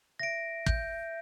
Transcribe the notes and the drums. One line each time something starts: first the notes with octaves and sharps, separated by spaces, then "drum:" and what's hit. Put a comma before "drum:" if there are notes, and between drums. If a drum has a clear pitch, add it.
E5 A#6 D7
G6, drum: kick